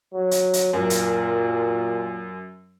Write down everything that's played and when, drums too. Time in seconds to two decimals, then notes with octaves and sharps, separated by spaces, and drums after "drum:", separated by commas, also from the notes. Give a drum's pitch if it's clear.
0.14 F#3
0.31 drum: hi-hat
0.53 drum: hi-hat
0.73 F#2 A#2 A#4
0.90 drum: hi-hat